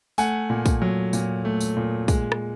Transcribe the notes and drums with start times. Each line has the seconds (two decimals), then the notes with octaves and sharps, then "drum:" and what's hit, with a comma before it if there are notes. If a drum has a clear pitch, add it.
0.18 A3 F#5 G#5, drum: tambourine
0.50 A#2
0.66 drum: kick, tambourine
0.82 F#3
1.13 A#2, drum: tambourine
1.45 A3
1.61 drum: tambourine
1.76 A#2
2.08 G#3, drum: kick, tambourine
2.32 drum: rim click